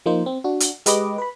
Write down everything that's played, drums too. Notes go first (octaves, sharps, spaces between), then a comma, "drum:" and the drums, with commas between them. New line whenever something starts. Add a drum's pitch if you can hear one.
F3 A#3 D#4 C5
C4
D4 F#4
drum: hi-hat
G#3 G4 B4 D#5 D6, drum: hi-hat
B4 B5